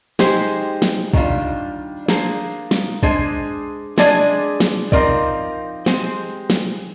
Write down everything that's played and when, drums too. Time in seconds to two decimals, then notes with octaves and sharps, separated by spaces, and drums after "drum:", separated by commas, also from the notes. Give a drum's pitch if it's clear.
0.19 G#3 D#4 G4 C5, drum: snare
0.82 drum: snare
1.14 D#3 G3 D4 F4, drum: kick
2.09 A#3 D4 G#4 C5, drum: snare
2.71 drum: snare
3.03 G#3 D4 G#4 C5, drum: kick
3.98 G#3 D4 G#4 D5, drum: snare
4.60 drum: snare
4.92 F3 C4 D#4 A#4 D5, drum: kick
5.86 G#3 C4 G4 C5, drum: snare
6.50 drum: snare